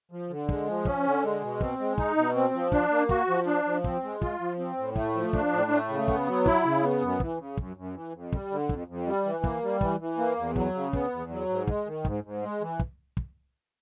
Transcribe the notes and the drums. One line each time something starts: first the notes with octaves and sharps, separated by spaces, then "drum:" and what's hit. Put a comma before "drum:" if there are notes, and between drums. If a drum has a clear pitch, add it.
F3
D3
G#3, drum: kick
F3
C#4, drum: kick
D3
G#3
B2
C4, drum: kick
G#3
D#4, drum: kick
B2
C4
F3
D4, drum: kick
A#3
F#4, drum: kick
F3
D4
F3
C4, drum: kick
G#3
F4, drum: kick
F3
C4
A2
A3, drum: kick
F3
D4, drum: kick
A2
A3
C#3
B3, drum: kick
F#3
E4, drum: kick
C#3
B3
F#2
E3, drum: kick
C#3
F#2, drum: kick
F#2
E3
F2
G3, drum: kick
D3
F2, drum: kick
F2
G3
E3
A#3, drum: kick
G3
E3, drum: kick
E3
A#3
E2
F#3, drum: kick
C#3
B3, drum: kick
E2
F#3
G#2
G#3, drum: kick
D#3
G#2, drum: kick
G#2
G#3
E3
drum: kick
drum: kick